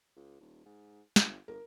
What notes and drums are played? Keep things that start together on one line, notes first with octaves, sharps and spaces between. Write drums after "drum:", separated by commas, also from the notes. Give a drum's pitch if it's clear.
C#2
D#1
G#2
G1, drum: snare
G1 A#4